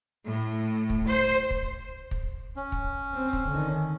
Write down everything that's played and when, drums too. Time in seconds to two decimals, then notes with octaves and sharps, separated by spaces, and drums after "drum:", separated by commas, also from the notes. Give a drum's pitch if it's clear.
0.25 A2
0.90 drum: kick
1.08 C5
1.50 drum: kick
2.11 drum: kick
2.56 C#4
2.72 drum: kick
3.14 C4
3.33 drum: kick
3.48 D3 D#3